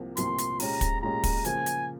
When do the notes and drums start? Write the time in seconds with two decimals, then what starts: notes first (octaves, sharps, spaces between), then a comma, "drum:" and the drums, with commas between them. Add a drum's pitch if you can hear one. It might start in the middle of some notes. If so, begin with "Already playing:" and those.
Already playing: C2 C3 F3 A#3
0.17 C2 C3 F3 A#3 C6, drum: hi-hat
0.38 drum: hi-hat
0.60 A#2 G#3 C#4 G4 A#5, drum: open hi-hat
0.81 drum: kick, hi-hat
1.02 A#2 G#3 C#4 G4 A#5
1.24 drum: kick, open hi-hat
1.45 C#3 F3 A#3 G#5, drum: hi-hat
1.66 drum: hi-hat